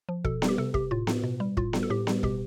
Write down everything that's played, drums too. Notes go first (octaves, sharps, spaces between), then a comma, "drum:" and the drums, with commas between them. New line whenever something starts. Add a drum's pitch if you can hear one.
F3
B2 A4, drum: kick
G3, drum: snare B3
G4
C3 A4
C3 G4, drum: kick
A2 F4
A2, drum: snare B3
B2
G3
A2 F4, drum: kick
G3, drum: snare B3
A4
A2 G4
G3, drum: snare B3
B2 G4, drum: kick